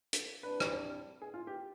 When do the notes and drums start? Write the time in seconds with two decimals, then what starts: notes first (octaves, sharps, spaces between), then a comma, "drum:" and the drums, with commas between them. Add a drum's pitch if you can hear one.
0.13 drum: hi-hat
0.43 C2 C3 G3 D4 B4
0.60 drum: rim click
1.22 G#4
1.34 F4
1.47 G4